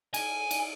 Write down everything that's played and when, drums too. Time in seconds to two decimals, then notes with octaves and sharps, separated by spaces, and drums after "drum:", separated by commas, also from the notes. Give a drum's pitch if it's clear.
0.14 G#5, drum: cymbal
0.51 drum: cymbal